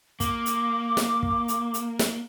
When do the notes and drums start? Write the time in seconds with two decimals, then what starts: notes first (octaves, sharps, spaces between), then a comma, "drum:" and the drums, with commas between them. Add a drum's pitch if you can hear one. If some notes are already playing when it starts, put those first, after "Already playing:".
0.20 A#3 D6, drum: kick, hi-hat
0.46 drum: hi-hat
0.97 drum: snare
1.23 drum: kick
1.48 drum: hi-hat
1.74 drum: hi-hat
1.99 drum: snare